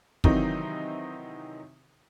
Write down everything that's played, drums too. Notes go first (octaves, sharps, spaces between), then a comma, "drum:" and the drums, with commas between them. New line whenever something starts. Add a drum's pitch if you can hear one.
C3 D#3 E3 F#3 C4 D#4, drum: kick